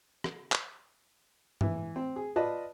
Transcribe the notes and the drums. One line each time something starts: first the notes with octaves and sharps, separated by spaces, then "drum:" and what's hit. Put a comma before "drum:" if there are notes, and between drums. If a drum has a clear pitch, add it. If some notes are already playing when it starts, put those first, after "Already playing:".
drum: rim click
drum: clap
E3, drum: tom G2
C4
G#4
F4 B4 D5 D#5 A5